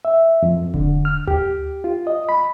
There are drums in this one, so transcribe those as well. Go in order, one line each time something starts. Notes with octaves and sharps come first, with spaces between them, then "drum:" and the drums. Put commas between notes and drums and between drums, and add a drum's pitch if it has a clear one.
E5
F2
D3, drum: kick E1
F6
G4, drum: tom D2
F4
D#5
B5